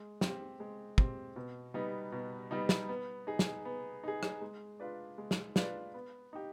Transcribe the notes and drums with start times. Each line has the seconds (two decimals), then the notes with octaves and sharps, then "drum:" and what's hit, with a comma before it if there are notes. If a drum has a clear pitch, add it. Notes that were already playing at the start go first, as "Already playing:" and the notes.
Already playing: G#3
0.21 C4 G4, drum: snare
0.60 G#3
0.98 C4 G4, drum: kick
1.36 B2
1.74 G3 B3 D#4
2.12 B2
2.51 G3 B3 D#4
2.69 drum: snare
2.89 B3
3.27 D#4 G#4
3.39 drum: snare
3.65 B3
4.04 D#4 G#4
4.23 drum: rim click
4.41 G#3
4.80 D4 F4 B4 D5
5.18 G#3
5.31 drum: snare
5.56 D4 F4 B4 D5, drum: snare
5.94 B3
6.33 D#4 G4